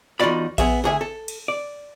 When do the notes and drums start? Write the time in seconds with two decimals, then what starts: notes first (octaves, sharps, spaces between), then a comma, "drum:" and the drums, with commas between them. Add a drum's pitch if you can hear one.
0.20 E2 D#4 F4 F#4 D5 B5
0.58 B3 G#4 E5, drum: kick A#1, cymbal
0.84 D2 G#4 E5
1.01 A4
1.28 drum: cymbal
1.48 D5